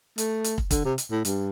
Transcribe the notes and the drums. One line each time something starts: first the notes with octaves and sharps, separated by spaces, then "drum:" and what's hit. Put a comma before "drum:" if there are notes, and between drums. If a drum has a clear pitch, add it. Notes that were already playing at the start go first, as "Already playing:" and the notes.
A3, drum: hi-hat
drum: hi-hat
drum: kick
D3, drum: kick, hi-hat
C3
drum: hi-hat
A2
G2, drum: hi-hat